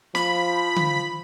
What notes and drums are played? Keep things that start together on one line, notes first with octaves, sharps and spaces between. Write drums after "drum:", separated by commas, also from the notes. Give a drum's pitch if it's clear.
F3 B5, drum: snare
drum: tom D3